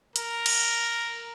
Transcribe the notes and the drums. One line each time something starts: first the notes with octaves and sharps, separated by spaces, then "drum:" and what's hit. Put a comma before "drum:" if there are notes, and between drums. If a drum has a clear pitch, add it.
A#4, drum: hi-hat
drum: cymbal